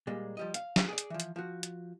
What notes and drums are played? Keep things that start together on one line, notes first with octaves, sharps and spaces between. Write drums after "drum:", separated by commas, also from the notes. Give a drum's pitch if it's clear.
A#2 G3 G#3 A#3
F3 G3 D#5
F5, drum: hi-hat
drum: snare
G#4 D5
drum: hi-hat
E3 F3
drum: hi-hat
F3 F#4
drum: hi-hat